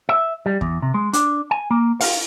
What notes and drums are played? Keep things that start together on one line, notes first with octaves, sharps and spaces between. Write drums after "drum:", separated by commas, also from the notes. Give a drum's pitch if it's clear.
E5
G3
E2, drum: kick
C3
G#3
D4, drum: hi-hat
G#5
A#3
F5, drum: open hi-hat